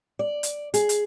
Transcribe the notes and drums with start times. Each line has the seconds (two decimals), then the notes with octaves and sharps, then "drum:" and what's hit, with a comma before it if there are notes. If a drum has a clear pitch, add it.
0.19 D5
0.43 drum: hi-hat
0.74 G#4, drum: hi-hat
0.89 drum: hi-hat